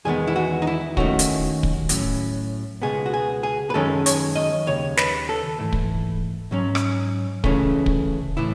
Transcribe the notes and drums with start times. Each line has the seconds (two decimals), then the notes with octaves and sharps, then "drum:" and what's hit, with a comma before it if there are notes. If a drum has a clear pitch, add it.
0.05 E2 D#3 G#3 B3 G#4
0.27 E4
0.36 F#4
0.62 D#4
0.67 E4
0.97 D#2 D#3 A3 C#4 F#4, drum: kick
1.19 drum: hi-hat
1.63 drum: kick
1.89 A2 F#3 C#4, drum: hi-hat
2.82 C#2 B2 G#3 B3 G#4
3.06 F#4
3.14 G#4
3.43 G#4
3.70 B4
3.74 F#2 D#3 G#3 C#4 A4
4.06 C#5, drum: hi-hat
4.35 D#5
4.67 D#2 C#3 C#5
4.97 B4, drum: snare
5.29 A4
5.59 G#2 E3 A3
5.73 drum: kick
6.51 G#2 F#3 C#4
6.75 drum: rim click
7.44 C#2 C#3 E3 A3 C#4, drum: kick
7.86 drum: kick
8.37 A2 E3 E4